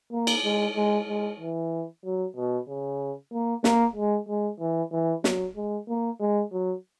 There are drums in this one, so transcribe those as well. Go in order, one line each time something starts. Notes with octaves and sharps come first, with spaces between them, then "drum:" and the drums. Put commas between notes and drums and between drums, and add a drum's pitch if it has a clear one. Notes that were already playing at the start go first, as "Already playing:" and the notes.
A#3
drum: cymbal
G#3
G#3
G#3
E3
F#3
B2
C#3
A#3
A#3, drum: snare
G#3
G#3
E3
E3
F#3, drum: snare
G#3
A#3
G#3
F#3